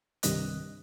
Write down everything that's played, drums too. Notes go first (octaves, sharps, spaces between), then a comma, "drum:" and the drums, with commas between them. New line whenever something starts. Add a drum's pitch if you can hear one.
C2 G2 C3 D#3 D#5 F#6, drum: hi-hat